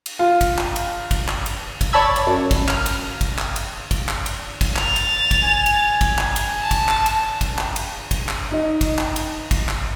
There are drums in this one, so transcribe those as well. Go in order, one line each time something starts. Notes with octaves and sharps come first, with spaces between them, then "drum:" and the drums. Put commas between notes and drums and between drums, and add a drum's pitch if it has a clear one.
drum: cymbal
F4
drum: kick, cymbal
drum: clap
drum: cymbal
drum: kick, cymbal
drum: clap
drum: cymbal
drum: kick, cymbal
C#5 D5 A5 B5 E6 G#6
drum: cymbal
F#2
drum: kick, cymbal
F6, drum: clap
drum: cymbal
drum: kick, cymbal
drum: clap
drum: cymbal
drum: kick, cymbal
drum: clap
drum: cymbal
drum: kick, cymbal
A6 F7, drum: clap
drum: cymbal
drum: kick, cymbal
G#5
drum: cymbal
drum: kick, cymbal
drum: clap
drum: cymbal
A5
drum: kick, cymbal
drum: clap
drum: cymbal
drum: kick, cymbal
drum: clap
drum: cymbal
drum: kick, cymbal
drum: clap
D#4
drum: kick, cymbal
drum: clap
drum: cymbal
drum: kick, cymbal
drum: clap